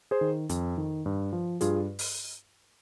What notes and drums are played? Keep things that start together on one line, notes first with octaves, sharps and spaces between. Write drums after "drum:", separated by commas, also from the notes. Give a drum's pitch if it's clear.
G#4 C5
D#3
F2, drum: hi-hat
D#3
G2
F3
G2 F4 G#4, drum: hi-hat
drum: open hi-hat